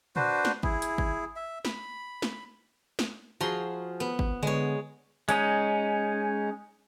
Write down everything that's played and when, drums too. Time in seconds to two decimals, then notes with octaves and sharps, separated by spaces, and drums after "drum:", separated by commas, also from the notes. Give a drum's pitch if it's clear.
0.16 D4 F#4 B4 C5, drum: tom A#2
0.45 drum: snare
0.63 E4 G#4, drum: kick
0.82 drum: hi-hat
0.98 drum: kick
1.36 E5
1.65 B5, drum: snare
2.22 drum: snare
2.99 drum: snare
3.41 F3 F#4 G#4 A#5 C6
4.00 B3
4.19 drum: kick
4.43 D3 G#3 B3 C#5
5.29 G#3 C#4 D#4, drum: hi-hat